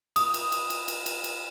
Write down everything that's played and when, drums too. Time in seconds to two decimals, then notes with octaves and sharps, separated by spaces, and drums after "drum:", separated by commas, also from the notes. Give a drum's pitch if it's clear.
0.16 D#6, drum: cymbal
0.34 drum: cymbal
0.52 drum: cymbal
0.70 drum: cymbal
0.88 drum: cymbal
1.06 drum: cymbal
1.24 drum: cymbal